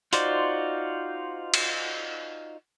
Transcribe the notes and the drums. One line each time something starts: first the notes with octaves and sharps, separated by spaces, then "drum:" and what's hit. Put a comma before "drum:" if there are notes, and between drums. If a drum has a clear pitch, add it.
D#4 F4 F#4 C5 D5, drum: hi-hat
drum: cymbal